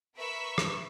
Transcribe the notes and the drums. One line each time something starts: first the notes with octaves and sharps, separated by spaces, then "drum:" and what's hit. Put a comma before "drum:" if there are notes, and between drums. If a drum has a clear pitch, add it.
A#4 B4 E5 B5 C#6 E6
drum: rim click